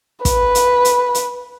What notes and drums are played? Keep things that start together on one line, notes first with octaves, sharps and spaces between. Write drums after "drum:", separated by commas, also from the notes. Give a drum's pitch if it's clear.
B4, drum: kick, hi-hat
drum: hi-hat
drum: hi-hat
drum: hi-hat